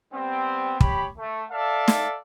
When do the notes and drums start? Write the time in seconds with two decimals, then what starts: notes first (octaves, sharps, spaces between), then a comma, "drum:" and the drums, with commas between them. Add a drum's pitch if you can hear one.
0.13 G3 B3 C4
0.80 G4 C#5 B5, drum: kick
1.18 A3
1.51 A4 D5 E5 F5 A5
1.88 drum: snare